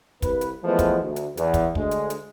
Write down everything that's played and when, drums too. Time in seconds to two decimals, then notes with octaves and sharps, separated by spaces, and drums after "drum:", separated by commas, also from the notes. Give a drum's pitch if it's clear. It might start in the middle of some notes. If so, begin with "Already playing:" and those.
0.22 C2 B4, drum: kick, hi-hat
0.41 drum: hi-hat
0.64 E3 F3 G#3 A3 B3
0.79 drum: kick, hi-hat
1.02 D2
1.16 drum: hi-hat
1.37 E2, drum: hi-hat
1.54 drum: kick, hi-hat
1.75 D2 G#3, drum: kick
1.91 drum: hi-hat
2.10 drum: hi-hat